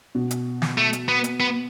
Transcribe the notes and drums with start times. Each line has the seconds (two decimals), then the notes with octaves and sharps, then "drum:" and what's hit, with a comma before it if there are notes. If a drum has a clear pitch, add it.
0.15 B2
0.31 drum: hi-hat
0.62 drum: snare
0.78 A3
0.93 drum: hi-hat
1.08 B3
1.24 drum: hi-hat
1.40 B3